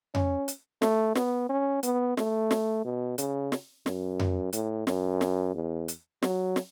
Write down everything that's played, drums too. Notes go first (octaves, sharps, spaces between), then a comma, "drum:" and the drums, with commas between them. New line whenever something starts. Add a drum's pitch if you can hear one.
C#4, drum: tom F2
drum: hi-hat
A3, drum: snare
B3, drum: snare
C#4
B3, drum: hi-hat
A3, drum: snare
drum: snare
B2
C#3, drum: hi-hat
drum: snare
F#2, drum: snare
drum: tom F2
A2, drum: hi-hat
F#2, drum: snare
drum: snare
E2
drum: hi-hat
F#3, drum: snare
drum: snare